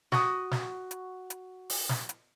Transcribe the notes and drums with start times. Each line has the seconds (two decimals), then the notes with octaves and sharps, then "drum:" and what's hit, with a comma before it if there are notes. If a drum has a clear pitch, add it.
0.12 F#4 D#6, drum: snare
0.51 drum: snare
0.91 drum: hi-hat
1.30 drum: hi-hat
1.70 drum: open hi-hat
1.89 drum: snare
2.09 drum: hi-hat